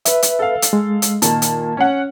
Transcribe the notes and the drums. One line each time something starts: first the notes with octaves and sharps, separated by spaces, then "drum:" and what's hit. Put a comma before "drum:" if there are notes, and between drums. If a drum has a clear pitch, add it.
B4 E5, drum: hi-hat
drum: hi-hat
A4 F5
drum: hi-hat
G#3
drum: hi-hat
A#2 D#3 A#3 A5, drum: hi-hat
drum: hi-hat
C#4 F#5